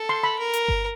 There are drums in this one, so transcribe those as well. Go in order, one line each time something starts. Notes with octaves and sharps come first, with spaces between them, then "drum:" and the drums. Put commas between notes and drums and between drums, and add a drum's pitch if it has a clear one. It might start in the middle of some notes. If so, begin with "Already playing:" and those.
Already playing: A4
C6
B5
A#4
drum: hi-hat
drum: kick G1